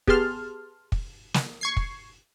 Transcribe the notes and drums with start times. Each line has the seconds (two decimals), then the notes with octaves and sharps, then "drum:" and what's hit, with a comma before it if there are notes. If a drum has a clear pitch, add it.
0.07 B3 G4 G#4 A5 C6 F6, drum: kick
0.92 drum: kick
1.34 drum: snare
1.61 C#6 G#6 C7
1.77 drum: kick